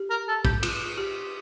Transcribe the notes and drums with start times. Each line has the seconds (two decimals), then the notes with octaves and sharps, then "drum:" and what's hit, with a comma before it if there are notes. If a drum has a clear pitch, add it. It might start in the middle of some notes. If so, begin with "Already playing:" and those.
Already playing: G4
0.10 A#4
0.28 A4
0.45 G4, drum: kick
0.63 F4, drum: cymbal
0.98 G4